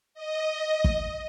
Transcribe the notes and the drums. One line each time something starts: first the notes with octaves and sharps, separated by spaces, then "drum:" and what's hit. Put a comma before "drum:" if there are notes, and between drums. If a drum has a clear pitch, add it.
D#5
drum: kick